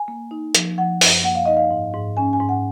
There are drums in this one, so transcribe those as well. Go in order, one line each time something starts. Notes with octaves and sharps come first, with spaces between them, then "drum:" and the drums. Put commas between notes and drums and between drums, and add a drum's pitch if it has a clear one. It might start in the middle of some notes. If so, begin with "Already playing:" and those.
Already playing: G#5
A#3
D#4
F3, drum: hi-hat
F3 F#5
F#2, drum: open hi-hat
A#3 F#5
F5
D#4 D#5
F5
G#2
G#2
C#4 G#5
G#5
G#2
F#5